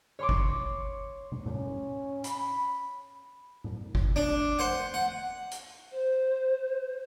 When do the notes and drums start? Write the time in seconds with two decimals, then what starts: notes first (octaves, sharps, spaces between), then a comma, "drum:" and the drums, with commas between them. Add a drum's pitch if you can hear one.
0.19 C#5 C6 D6
0.29 drum: kick G1
1.32 drum: tom
1.46 C#4, drum: tom A2
2.24 B5, drum: hi-hat
3.64 drum: tom A2
3.95 drum: kick G1
4.16 D4
4.59 C5 F#5
4.94 F#5
5.51 drum: hi-hat
5.91 C5